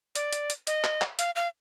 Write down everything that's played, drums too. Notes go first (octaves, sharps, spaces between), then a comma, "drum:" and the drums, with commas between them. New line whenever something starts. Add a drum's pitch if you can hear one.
D5, drum: hi-hat
drum: hi-hat
drum: hi-hat
D#5, drum: hi-hat
drum: clap
drum: clap
F5, drum: hi-hat
F5